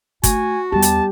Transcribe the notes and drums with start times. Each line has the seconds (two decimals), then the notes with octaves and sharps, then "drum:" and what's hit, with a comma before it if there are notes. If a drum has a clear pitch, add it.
0.23 A3 F#4 G#5, drum: kick G1, hi-hat
0.72 E2 G3 G4 A5
0.82 drum: hi-hat